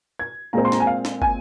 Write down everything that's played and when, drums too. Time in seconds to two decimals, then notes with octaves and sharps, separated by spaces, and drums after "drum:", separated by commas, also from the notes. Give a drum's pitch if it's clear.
0.19 G#6
0.53 A#2 G#3 C4 A#5
0.65 C6
0.72 A#5, drum: snare
0.80 G#5
0.87 F5
1.05 drum: snare
1.22 G#5, drum: kick